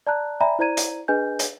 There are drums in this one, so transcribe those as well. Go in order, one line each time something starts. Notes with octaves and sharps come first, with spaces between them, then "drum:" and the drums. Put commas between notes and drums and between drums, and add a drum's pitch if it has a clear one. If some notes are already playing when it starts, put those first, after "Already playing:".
D5 A5 A#5 F#6
D5 E5 G5 G#5 A#5 B5
E4 C5 D5 A#5 G#6 D#7
drum: hi-hat
D4 G#4 B4 D#5 G#5 G6
drum: hi-hat